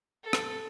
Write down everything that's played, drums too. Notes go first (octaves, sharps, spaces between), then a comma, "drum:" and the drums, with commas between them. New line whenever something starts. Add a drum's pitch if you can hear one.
A4
drum: rim click